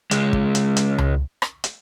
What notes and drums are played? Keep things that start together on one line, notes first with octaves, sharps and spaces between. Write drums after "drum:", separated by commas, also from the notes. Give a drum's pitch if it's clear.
C#2 G#3, drum: hi-hat
drum: kick
drum: hi-hat
drum: hi-hat
drum: tom C#2
drum: rim click
drum: hi-hat